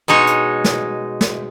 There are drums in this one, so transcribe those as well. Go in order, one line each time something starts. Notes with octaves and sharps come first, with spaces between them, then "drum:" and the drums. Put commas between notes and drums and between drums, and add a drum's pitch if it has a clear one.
B2 G#3 D#4 C#5
drum: hi-hat
drum: snare
drum: snare